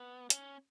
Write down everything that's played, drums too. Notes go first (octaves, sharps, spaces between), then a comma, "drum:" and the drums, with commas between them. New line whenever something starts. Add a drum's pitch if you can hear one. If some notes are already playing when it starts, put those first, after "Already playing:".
Already playing: B3
C#4, drum: hi-hat